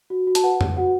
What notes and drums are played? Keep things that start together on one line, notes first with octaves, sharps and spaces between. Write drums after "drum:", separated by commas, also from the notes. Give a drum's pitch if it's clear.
F#4
F#4
A5, drum: hi-hat
B4 F#5
B4, drum: tom F2
F#4 F#5